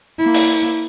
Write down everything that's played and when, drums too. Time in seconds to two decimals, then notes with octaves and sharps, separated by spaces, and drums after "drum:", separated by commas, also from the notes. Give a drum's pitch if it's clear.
0.18 A#3 E4
0.34 drum: open hi-hat